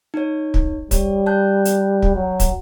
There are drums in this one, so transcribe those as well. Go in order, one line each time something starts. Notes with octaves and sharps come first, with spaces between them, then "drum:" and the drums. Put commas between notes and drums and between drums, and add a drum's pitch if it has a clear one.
D#4 C#5
drum: kick
G3 C#5, drum: kick, hi-hat
A5 F#6 G6
drum: hi-hat
drum: kick
F#3
drum: kick, hi-hat